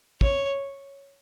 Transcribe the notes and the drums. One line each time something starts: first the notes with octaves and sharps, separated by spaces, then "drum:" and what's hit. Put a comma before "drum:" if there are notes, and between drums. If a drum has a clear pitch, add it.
C#5, drum: kick